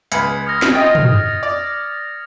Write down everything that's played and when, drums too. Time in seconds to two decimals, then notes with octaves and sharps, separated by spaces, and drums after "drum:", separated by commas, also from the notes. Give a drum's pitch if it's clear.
0.12 C#2 B4 G#6 C#7, drum: hi-hat
0.47 D#6 F6 A#6
0.62 drum: snare
0.75 F4 D#5 G5 D#6 A6
0.95 drum: tom
1.43 D5